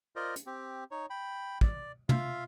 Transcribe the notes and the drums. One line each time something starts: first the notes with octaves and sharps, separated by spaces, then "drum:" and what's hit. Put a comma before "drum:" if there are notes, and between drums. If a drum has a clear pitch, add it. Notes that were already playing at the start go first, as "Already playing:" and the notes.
F4 A#4 C5 D5 D#5
drum: hi-hat
C4 G4
D#4 C#5
G5 B5
D5, drum: kick
F4 E5 F5, drum: tom